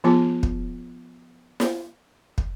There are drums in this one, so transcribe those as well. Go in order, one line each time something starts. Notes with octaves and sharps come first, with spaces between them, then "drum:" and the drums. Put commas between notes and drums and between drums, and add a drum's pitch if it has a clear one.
F3 B3 F4 G#4 A5
drum: kick
drum: snare
drum: kick